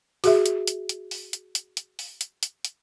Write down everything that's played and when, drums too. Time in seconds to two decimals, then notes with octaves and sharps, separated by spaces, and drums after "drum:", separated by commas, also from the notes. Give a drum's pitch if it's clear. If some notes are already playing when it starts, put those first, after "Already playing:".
0.24 F#4 G#4 E5, drum: open hi-hat
0.46 drum: hi-hat
0.67 drum: hi-hat
0.89 drum: hi-hat
1.11 drum: open hi-hat
1.33 drum: hi-hat
1.55 drum: hi-hat
1.77 drum: hi-hat
1.99 drum: open hi-hat
2.21 drum: hi-hat
2.43 drum: hi-hat
2.65 drum: hi-hat